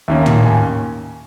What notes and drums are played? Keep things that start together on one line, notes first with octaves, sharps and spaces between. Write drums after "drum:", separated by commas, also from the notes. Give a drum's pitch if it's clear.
D#2 D#3 A#3 C#4 E5
drum: tom
G#5